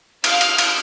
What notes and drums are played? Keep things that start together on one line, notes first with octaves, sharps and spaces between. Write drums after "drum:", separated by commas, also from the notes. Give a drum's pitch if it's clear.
F5, drum: cymbal
drum: cymbal
drum: cymbal